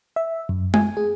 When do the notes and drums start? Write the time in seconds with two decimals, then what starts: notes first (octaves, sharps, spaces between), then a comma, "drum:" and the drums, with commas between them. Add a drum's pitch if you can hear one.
0.16 E5
0.49 F#2
0.74 G#5, drum: tom G#3
0.97 G#4